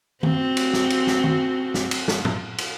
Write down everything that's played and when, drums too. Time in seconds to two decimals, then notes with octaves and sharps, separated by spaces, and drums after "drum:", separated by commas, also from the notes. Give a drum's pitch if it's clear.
0.23 C4 F#4, drum: tom D#3
0.57 drum: cymbal
0.73 drum: snare
0.90 drum: cymbal
1.07 drum: snare
1.24 drum: tom D#3
1.74 drum: snare
1.91 drum: cymbal
2.08 drum: snare
2.25 drum: tom
2.58 drum: cymbal